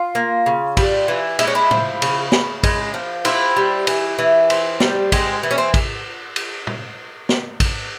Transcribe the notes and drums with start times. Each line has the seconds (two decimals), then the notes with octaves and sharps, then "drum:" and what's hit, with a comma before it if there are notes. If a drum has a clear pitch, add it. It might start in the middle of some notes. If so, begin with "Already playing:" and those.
Already playing: F4
0.15 A#3
0.46 C#3
0.77 G3, drum: kick, cymbal
1.08 E3
1.39 G#3 E4, drum: cymbal
1.47 C#4
1.55 E4
1.71 F3, drum: tom A2
2.02 C#3, drum: cymbal
2.32 C#3, drum: snare
2.63 G#3, drum: kick, cymbal
2.94 F3
3.25 C4 E4, drum: cymbal
3.56 G3
3.87 E3, drum: cymbal
4.19 E3
4.50 C4, drum: cymbal
4.80 G3, drum: snare
5.12 G#3 C4, drum: kick, cymbal
5.43 E3
5.51 C#4
5.58 C4
5.74 drum: kick, cymbal
6.36 drum: cymbal
6.67 drum: tom
7.29 drum: snare
7.60 drum: kick, cymbal